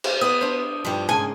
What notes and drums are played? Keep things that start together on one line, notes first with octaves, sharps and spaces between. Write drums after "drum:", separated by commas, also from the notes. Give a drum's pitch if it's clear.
drum: cymbal
B3 D#6
D4 C5
G2 F3 G3
G#2 C#3 A#3 G#5